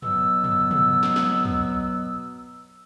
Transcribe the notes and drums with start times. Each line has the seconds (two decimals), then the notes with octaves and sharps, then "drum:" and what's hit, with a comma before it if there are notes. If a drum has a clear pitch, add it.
0.02 B2 F#3 B3 E6, drum: tom
0.44 drum: tom
0.71 drum: tom
1.03 drum: snare
1.16 drum: snare
1.45 drum: tom